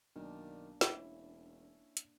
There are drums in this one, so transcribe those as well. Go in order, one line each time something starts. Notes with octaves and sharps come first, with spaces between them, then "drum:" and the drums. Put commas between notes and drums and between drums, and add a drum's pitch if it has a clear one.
B1 D#3 A#3 D4
E1 C#4 E4, drum: snare
drum: hi-hat